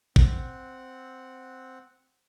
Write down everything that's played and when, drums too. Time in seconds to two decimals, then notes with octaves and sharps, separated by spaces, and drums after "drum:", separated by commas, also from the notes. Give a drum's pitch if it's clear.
0.16 C4 F#5, drum: kick A1